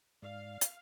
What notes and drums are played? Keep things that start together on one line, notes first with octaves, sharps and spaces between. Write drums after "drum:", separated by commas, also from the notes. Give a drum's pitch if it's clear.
G#2 D5 F5
drum: hi-hat